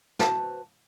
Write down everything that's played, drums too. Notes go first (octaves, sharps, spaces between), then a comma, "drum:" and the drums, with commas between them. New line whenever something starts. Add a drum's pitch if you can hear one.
F#4 B4 C5 A5, drum: snare